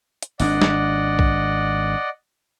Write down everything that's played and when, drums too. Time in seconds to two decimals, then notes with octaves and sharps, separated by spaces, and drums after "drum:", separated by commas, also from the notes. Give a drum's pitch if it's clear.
0.22 drum: hi-hat
0.40 G#1 C4 D4 D5 D#5 F#5, drum: open hi-hat
0.62 drum: snare
1.19 drum: kick